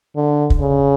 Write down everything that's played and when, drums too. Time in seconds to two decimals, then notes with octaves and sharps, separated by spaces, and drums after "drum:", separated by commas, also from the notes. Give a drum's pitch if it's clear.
0.16 D3
0.50 drum: kick
0.61 C#3